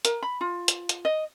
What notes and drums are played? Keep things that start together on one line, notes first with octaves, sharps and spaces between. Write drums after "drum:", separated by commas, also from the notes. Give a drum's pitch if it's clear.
A#4, drum: hi-hat
B5
F4
drum: hi-hat
drum: hi-hat
D#5